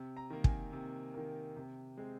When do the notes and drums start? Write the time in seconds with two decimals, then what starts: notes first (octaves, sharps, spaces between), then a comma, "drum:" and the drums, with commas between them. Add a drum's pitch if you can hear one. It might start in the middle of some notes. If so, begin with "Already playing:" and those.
Already playing: C3
0.17 A#5
0.30 D#3 A#3
0.44 G#5, drum: kick
0.73 C3
1.14 D#3 A#3
1.56 C3
1.97 G#3 C4